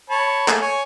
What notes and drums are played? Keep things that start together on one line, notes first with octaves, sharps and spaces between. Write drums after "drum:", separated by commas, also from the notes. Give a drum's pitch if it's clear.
C#5 A5 B5
A3 A#3 G#4, drum: clap
C#5 G#5